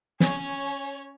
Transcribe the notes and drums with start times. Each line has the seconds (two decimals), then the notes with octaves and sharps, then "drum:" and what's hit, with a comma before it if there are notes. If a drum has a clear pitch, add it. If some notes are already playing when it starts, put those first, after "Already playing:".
0.20 C#4 C#5 G#5, drum: snare